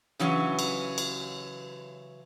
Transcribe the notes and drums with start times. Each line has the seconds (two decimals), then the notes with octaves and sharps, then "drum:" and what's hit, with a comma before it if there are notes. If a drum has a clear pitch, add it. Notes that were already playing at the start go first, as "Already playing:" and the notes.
0.19 C#3 E3 F#3 C#4
0.59 drum: cymbal
0.98 drum: cymbal